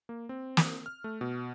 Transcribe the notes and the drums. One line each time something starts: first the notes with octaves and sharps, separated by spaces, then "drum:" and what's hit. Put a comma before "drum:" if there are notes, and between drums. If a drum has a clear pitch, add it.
A#3
C4
drum: snare
F6
A3
B2